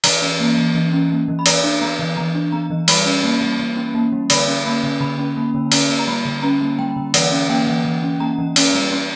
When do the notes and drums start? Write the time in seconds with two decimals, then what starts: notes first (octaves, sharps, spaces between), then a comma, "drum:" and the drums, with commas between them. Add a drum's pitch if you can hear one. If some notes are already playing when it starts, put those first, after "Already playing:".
0.04 E3 A#5, drum: cymbal
0.22 C#4
0.40 A#3
0.57 E3
0.75 E3
0.92 C#4
1.10 A#3
1.28 E3
1.39 B5
1.46 E3 A#5, drum: cymbal
1.64 D4
1.81 B3 A#5
1.99 E3
2.17 E3 A#5
2.35 D4
2.52 B3 A#5
2.70 E3
2.88 G3 B5, drum: cymbal
3.06 C#4
3.24 A#3
3.41 G3
3.59 G3
3.77 C#4
3.94 A#3
4.12 G3
4.30 D3 B5, drum: cymbal
4.48 C#4
4.66 A#3 B5
4.83 D3
5.01 D3 B5
5.19 C#4
5.37 A#3
5.54 D3
5.72 C#4 A#5, drum: cymbal
5.89 A#3
5.99 A#5
6.08 G3 B5
6.25 D3
6.42 C#4 A#5
6.61 A#3
6.78 G3 G5
6.96 D3
7.14 E3 F#5, drum: cymbal
7.32 C#4
7.49 A#3 G5
7.67 E3
7.85 E3
8.03 C#4
8.20 A#3 A#5
8.38 E3
8.56 C#4, drum: cymbal
8.74 G3
8.91 C#4